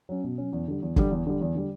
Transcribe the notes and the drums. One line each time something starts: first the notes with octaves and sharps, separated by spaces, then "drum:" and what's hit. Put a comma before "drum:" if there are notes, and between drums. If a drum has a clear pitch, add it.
F#3 C#4
B2
F#3 C#4
E2
D3 G3
E2
D3 G3, drum: kick
E2
D3 G3
E2
D3 G3